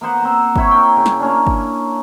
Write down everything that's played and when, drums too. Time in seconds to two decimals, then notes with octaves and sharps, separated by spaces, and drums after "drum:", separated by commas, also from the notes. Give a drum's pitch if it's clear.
0.01 A#3 B3 C5 F#5
0.22 C4 A#5
0.56 C4 E4 C#5, drum: kick G1
0.71 A#4 G5
0.97 C#3
1.06 drum: snare
1.20 A#3 C#4 D4
1.47 drum: kick G1